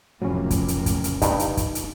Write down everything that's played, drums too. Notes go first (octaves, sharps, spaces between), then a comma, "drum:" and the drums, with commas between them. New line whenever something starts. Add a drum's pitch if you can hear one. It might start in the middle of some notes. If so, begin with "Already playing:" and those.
F1 A2 C#3 F3 F#3 A#3 C#4
drum: kick, hi-hat
drum: hi-hat
drum: kick, hi-hat
drum: hi-hat
G2 D#4, drum: kick, hi-hat
drum: hi-hat
drum: kick, hi-hat
drum: hi-hat